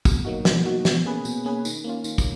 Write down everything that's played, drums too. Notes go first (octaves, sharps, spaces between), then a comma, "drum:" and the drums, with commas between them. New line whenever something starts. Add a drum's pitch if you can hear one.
B2, drum: kick, tambourine
F#3 A#3 D#4 F#4
B2, drum: snare
F#3 A#3 D#4 F#4
B2, drum: snare
A#3 C#4 G#4 B4
B2, drum: tambourine
A#3 C#4 G#4 B4
D#3, drum: tambourine
A#3 C#4 F4
D#3, drum: tambourine
drum: kick, tambourine